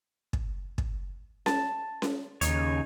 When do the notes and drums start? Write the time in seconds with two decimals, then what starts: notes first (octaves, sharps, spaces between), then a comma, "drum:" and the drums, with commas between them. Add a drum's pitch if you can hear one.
0.33 drum: kick
0.78 drum: kick
1.46 A5, drum: snare C#4
2.02 drum: snare C#4
2.41 D#2 C#3 D#4 C#5, drum: hi-hat